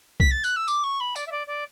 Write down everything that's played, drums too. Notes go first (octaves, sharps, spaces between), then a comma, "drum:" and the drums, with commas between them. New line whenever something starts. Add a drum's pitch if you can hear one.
B6, drum: kick C2
A6
F#6, drum: tambourine
E6
D6, drum: tambourine
C#6
B5
D5, drum: tambourine
E5
D5
D5